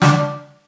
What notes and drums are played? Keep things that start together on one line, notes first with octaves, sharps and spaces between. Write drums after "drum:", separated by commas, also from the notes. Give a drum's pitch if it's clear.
D4, drum: snare